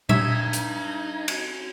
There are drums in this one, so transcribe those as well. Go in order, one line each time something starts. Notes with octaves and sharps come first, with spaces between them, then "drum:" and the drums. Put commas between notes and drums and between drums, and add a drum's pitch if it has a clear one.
G2 D#4 E5 G#6, drum: tom A#2
drum: hi-hat
drum: cymbal